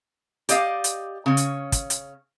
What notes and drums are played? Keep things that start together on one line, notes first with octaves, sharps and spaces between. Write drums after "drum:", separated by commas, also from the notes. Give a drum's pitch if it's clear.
G4 D5 D#5 F5, drum: hi-hat
drum: hi-hat
C#3 C#4
drum: hi-hat
drum: kick, hi-hat
drum: hi-hat